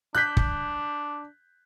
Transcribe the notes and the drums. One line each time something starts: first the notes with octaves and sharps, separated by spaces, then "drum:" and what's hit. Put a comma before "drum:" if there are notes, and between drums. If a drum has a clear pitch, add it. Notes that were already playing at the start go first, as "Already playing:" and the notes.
D4 F#6 G6 B6
drum: kick